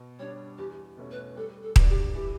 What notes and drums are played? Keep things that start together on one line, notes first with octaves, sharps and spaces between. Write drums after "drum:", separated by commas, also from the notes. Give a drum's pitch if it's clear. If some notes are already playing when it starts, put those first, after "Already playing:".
Already playing: B2
G3 D4 C#5
E2 G4
B2 A3 C#4
B4
G3 A4
A4
D4 F#4 B4 D5, drum: kick D#1
G4
E3 G4